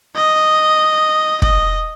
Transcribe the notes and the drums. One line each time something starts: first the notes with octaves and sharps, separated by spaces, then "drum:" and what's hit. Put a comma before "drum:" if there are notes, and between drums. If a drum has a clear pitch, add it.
D#5
D#5, drum: kick